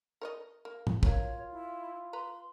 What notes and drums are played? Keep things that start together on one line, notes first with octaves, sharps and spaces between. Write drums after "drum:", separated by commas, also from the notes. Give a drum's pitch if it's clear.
A#4 C#5 D#5
A#3
drum: tom
F#3 G#3 A#3 F4 C#5, drum: kick
E4
B4 A#5 C6